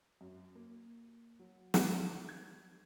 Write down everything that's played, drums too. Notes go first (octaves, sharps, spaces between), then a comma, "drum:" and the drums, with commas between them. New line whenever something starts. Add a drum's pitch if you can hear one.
F#2
A#3
F#3
drum: snare
G#6